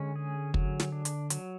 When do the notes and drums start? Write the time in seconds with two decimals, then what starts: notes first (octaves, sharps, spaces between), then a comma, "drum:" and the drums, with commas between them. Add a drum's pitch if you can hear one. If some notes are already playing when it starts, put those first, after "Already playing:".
Already playing: D3 G#3 C#4
0.16 G#4
0.54 F#3, drum: kick
0.80 drum: snare
0.92 D4
1.05 drum: hi-hat
1.30 F#3, drum: hi-hat